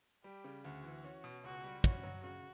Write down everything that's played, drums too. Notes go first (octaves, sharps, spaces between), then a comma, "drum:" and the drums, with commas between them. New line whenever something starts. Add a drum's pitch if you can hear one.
G3 G4
C#3
D2 F#4
E3
C#4
B2
C#2 F#4
G3
C#4 F#4, drum: kick
F#3
C#3 F#4